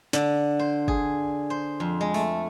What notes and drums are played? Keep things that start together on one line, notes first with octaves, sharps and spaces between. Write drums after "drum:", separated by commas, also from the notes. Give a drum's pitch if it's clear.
D3, drum: snare
C5
G#4, drum: kick
C5
F2
G#3
A3, drum: open hi-hat